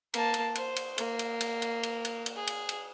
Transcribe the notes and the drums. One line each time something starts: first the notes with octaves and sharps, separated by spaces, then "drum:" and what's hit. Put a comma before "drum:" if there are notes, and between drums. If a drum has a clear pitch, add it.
A#3 A5, drum: cymbal
drum: cymbal
C5, drum: cymbal
drum: cymbal
A#3, drum: cymbal
drum: cymbal
drum: cymbal
drum: cymbal
drum: cymbal
drum: cymbal
drum: cymbal
G#4
drum: cymbal
drum: cymbal